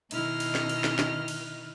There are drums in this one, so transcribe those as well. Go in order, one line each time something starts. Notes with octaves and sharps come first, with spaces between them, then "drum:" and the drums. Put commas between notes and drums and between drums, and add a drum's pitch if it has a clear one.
B2 D#3 E4 D#5 F6, drum: cymbal
drum: cymbal
drum: snare
drum: cymbal
drum: snare
drum: snare
drum: cymbal